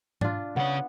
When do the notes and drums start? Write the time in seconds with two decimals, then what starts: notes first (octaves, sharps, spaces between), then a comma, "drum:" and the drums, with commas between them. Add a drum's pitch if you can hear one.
0.21 D4 F4, drum: tom G#2
0.56 C#3 B3 C#5